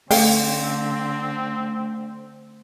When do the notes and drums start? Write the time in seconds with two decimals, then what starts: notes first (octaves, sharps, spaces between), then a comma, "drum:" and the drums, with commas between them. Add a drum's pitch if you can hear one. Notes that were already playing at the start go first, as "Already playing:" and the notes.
0.11 D3 A3 C4 A4 F5 G5, drum: open hi-hat